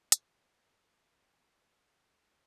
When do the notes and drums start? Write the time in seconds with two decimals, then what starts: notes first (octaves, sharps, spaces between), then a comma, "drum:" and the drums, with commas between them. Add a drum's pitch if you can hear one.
0.12 G4 B4 C6, drum: hi-hat